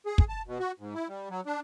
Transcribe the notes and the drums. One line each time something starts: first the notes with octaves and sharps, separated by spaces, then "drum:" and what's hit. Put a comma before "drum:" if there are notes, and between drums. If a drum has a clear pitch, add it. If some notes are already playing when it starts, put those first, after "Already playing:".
G#4
drum: kick
A5
B2
F#4
G#2
E4
G3
F#3
D4